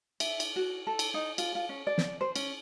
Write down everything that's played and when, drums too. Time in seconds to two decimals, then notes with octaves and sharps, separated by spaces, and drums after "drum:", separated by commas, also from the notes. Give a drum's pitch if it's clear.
0.20 E5, drum: cymbal
0.40 drum: cymbal
0.56 F#4
0.87 A4
0.99 drum: cymbal
1.14 D#4
1.38 F4, drum: cymbal
1.55 F4
1.69 C#4
1.87 D5
1.98 drum: snare
2.21 C5
2.36 C#4, drum: cymbal